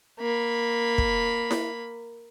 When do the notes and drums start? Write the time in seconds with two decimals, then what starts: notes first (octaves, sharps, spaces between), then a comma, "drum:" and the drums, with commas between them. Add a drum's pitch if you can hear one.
0.20 A#3 B5
0.98 drum: kick
1.51 drum: snare E4